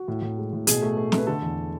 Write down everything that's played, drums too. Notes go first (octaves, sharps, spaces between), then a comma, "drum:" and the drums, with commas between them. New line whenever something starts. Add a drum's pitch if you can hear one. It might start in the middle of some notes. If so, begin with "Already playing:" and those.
Already playing: F#4
A2
A2
G#3
A2
B2 G#4, drum: hi-hat
A3
A3
A3, drum: snare
B4
D3 A4
E2